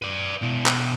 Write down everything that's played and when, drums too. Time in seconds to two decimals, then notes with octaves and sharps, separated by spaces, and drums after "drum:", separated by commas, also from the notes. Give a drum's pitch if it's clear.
0.02 B4 D5
0.42 B2 E4
0.66 drum: clap